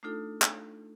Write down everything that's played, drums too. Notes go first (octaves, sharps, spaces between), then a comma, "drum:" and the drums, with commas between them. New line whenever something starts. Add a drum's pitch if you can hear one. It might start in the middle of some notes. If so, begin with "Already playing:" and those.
A3 D4 D#4 F4 A4
drum: clap